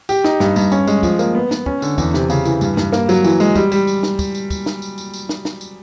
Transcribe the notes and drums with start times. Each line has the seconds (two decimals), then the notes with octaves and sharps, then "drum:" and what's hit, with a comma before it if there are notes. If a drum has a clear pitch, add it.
0.09 G4, drum: tambourine
0.24 D#4, drum: snare
0.40 G2, drum: snare
0.56 G2, drum: tambourine
0.72 C#4, drum: tambourine
0.87 G#3, drum: tambourine
1.03 F3, drum: kick, tambourine
1.19 A#3, drum: tambourine
1.35 B3
1.51 B3, drum: snare
1.66 C#4, drum: kick
1.82 D3, drum: tambourine
1.98 E2, drum: kick, tambourine
2.14 C3, drum: snare
2.30 C#3, drum: tambourine
2.45 E3, drum: tambourine
2.61 G2, drum: tambourine
2.77 G2, drum: snare
2.93 A#3, drum: snare
3.09 F#3, drum: tambourine
3.24 E3, drum: tambourine
3.40 G#3, drum: tambourine
3.55 G3, drum: kick, tambourine
3.72 G3, drum: tambourine
3.87 drum: tambourine
4.03 drum: snare
4.19 drum: kick, tambourine
4.35 drum: tambourine
4.50 drum: kick, tambourine
4.66 drum: snare
4.82 drum: tambourine
4.98 drum: tambourine
5.14 drum: tambourine
5.29 drum: snare
5.45 drum: snare
5.61 drum: tambourine